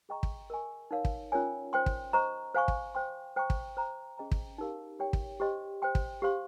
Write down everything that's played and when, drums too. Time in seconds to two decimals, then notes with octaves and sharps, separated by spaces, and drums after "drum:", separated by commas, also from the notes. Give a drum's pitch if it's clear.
0.09 G#4 D#5 G5 A#5 C#6
0.23 drum: kick
0.50 A#4 D#5 G#5 C#6
0.91 D#4 A#4 C#5 F5
1.05 drum: kick
1.32 C#4 F4 A#4 C#5 G#5
1.73 C5 G5 C6
1.86 drum: kick
2.13 C5 D#5 A#5 C#6
2.55 C5 F5 G#5 C#6
2.68 drum: kick
2.95 C5 G5 C6
3.36 C5 G5 A#5 C#6
3.50 drum: kick
3.77 C5 G5 A#5
4.18 C#4 G#4 D#5 G5 A#5
4.31 drum: kick
4.58 D#4 G4 A#4 F5
4.99 G4 C#5 G5
5.13 drum: kick
5.40 G4 C5 D#5 G5 C6
5.82 C5 G5 C6
5.95 drum: kick
6.22 G4 C5 F5 C6